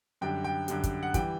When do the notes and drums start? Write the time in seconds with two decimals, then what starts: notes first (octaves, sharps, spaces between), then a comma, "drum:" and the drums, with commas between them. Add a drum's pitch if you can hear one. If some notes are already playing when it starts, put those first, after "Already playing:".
0.21 F#2 D3 G3 G5
0.44 G5
0.68 F#2 D3 G3, drum: hi-hat
0.83 drum: kick, hi-hat
1.03 F#5
1.14 E3 G3 G5, drum: kick, hi-hat